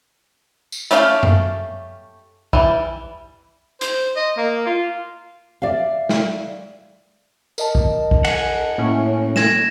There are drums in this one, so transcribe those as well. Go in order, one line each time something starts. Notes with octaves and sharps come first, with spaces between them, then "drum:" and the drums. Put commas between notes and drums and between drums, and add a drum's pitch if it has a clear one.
drum: tambourine
A3 C#4 G4 D5 F5, drum: hi-hat
drum: tom F#2
E3 G3, drum: kick
C5, drum: hi-hat
D#5
A#3
F4
D5 E5 F5
drum: snare
A#4 D#5 A5, drum: tambourine
drum: kick
drum: kick
F#5 G#5, drum: cymbal
A2 A#3 C#4
G#6 A#6 E7, drum: snare